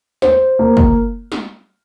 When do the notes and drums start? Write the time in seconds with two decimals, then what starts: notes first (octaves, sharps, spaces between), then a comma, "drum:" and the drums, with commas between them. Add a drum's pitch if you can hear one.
0.22 C5, drum: snare
0.59 A#3
0.77 drum: kick
1.32 drum: snare